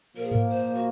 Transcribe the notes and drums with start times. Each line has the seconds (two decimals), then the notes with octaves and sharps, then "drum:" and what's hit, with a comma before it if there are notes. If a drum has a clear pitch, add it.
0.16 A#2 F3 A#3 A#4
0.24 G#4
0.31 A#4, drum: tom G#2
0.50 C5
0.75 F#4